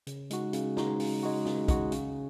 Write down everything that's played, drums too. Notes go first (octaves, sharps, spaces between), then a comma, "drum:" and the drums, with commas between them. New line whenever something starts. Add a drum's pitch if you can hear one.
C#3, drum: hi-hat
G#3 D#4 F#4, drum: hi-hat
C#3, drum: hi-hat
G#3 D#4 F#4, drum: snare
C#3, drum: open hi-hat
G#3 D#4 F#4
C#3, drum: snare
G#3 D#4 F#4, drum: kick, hi-hat
C#3, drum: hi-hat